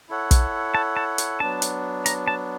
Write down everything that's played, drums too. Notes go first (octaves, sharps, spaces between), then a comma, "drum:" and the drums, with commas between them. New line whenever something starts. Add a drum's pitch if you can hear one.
E4 A4 C#5 F#5
drum: kick, hi-hat
A5
A5
drum: hi-hat
F#3 B3 D4 A5
drum: hi-hat
A#5, drum: hi-hat
A5